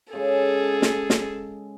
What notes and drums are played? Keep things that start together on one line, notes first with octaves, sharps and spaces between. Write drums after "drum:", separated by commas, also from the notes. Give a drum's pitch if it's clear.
C#3 G#3 G#4 A4
drum: snare
drum: snare